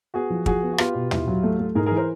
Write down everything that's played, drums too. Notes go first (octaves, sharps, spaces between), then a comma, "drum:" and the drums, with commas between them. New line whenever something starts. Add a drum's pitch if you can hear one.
B3 F#4 G#4
F3
F3 F#4 G#4, drum: kick
B3
F#4
B3 F4 G4, drum: rim click
B2
E4, drum: tom
F#3
A3
A3
G#2 G#4 A#4
G#4 A#4
E3
A#4 C5